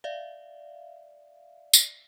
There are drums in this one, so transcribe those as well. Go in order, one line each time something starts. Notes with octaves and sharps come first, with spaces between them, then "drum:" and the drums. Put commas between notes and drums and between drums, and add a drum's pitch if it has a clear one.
D5 E5 F5
drum: tambourine